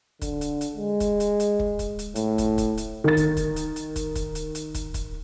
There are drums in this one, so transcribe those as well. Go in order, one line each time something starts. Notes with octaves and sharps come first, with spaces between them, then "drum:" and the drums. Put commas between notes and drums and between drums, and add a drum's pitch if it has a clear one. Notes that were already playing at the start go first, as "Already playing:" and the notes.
D3, drum: kick, hi-hat
drum: hi-hat
drum: hi-hat
G#3
drum: kick, hi-hat
drum: hi-hat
drum: hi-hat
drum: kick
drum: kick, hi-hat
drum: hi-hat
A2, drum: hi-hat
drum: kick, hi-hat
drum: kick, hi-hat
drum: hi-hat
D#3 A6
drum: kick, hi-hat
drum: kick, hi-hat
drum: hi-hat
drum: hi-hat
drum: kick, hi-hat
drum: kick, hi-hat
drum: hi-hat
drum: hi-hat
drum: kick, hi-hat
drum: kick, hi-hat